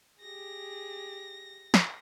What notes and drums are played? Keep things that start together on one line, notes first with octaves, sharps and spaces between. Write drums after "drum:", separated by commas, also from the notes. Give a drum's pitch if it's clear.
G4 G#4 A#6
drum: snare